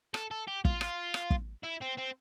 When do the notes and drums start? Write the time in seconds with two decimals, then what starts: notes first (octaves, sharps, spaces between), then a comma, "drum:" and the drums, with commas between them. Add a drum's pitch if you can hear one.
0.14 A4, drum: rim click
0.31 A4
0.48 G4
0.65 F4, drum: kick
0.81 drum: rim click
1.14 drum: rim click
1.31 drum: kick
1.63 E4
1.81 C4
1.97 C4